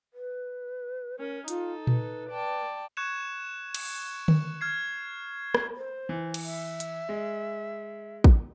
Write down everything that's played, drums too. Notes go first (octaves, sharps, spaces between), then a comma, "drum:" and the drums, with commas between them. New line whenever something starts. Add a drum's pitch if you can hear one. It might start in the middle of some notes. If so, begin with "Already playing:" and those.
B4
C#4 A#4
D#4 F4 A4, drum: hi-hat
B4, drum: tom A#2
D5 G5 A5
C#6 F#6 G#6 C#7 E7
drum: cymbal
drum: tom D3
F6 G#6 C7
drum: rim click
C5
E3
drum: cymbal
E5
drum: hi-hat
G#3
drum: kick